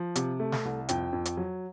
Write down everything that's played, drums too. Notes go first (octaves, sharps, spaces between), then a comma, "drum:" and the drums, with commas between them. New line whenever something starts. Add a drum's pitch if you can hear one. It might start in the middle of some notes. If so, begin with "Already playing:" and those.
Already playing: F3
C3, drum: hi-hat
A3
drum: snare
C2
F2 G5, drum: hi-hat
F2
drum: hi-hat
F#3